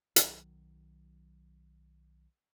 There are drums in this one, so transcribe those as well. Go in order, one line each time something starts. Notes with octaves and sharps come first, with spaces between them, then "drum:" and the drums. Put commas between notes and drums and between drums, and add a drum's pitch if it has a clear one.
B1 D#3 F#3, drum: hi-hat